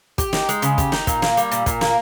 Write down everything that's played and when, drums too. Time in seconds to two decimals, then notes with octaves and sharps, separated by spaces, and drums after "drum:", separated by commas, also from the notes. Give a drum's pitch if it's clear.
0.18 G4, drum: kick, hi-hat
0.33 D#4, drum: snare
0.49 G#3, drum: hi-hat
0.62 C#3, drum: hi-hat
0.78 G4, drum: kick, hi-hat
0.92 D#4, drum: snare
1.07 A#2, drum: kick, hi-hat
1.22 A#3, drum: snare
1.37 G3, drum: hi-hat
1.52 A#2, drum: hi-hat
1.66 A#2, drum: kick, hi-hat
1.81 A#3, drum: snare